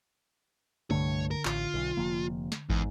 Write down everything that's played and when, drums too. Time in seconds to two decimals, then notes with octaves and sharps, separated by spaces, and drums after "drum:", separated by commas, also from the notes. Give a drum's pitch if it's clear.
0.91 C2 G2 D3 A3 C#5
1.31 A#4
1.45 A1 F4, drum: clap
1.74 B1
1.97 F1 F3 A#3
2.52 drum: snare
2.69 E2 G#2, drum: kick